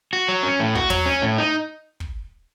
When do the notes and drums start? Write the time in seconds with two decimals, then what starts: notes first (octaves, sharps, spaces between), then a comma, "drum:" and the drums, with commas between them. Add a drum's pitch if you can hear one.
0.13 F#4
0.29 F#3
0.43 C#4
0.60 A2
0.75 F#4, drum: kick
0.90 F#3, drum: tom
1.06 C#4
1.22 A2
1.38 D#4
2.00 drum: kick